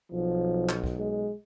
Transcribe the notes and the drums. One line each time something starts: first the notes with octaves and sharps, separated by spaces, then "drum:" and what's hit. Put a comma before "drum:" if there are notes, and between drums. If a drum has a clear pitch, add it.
B1 F3
drum: clap
drum: kick
G#3